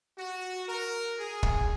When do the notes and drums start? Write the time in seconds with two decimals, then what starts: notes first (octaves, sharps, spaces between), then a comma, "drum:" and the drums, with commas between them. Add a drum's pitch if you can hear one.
0.18 F#4
0.69 A#4
1.19 G#4
1.43 drum: kick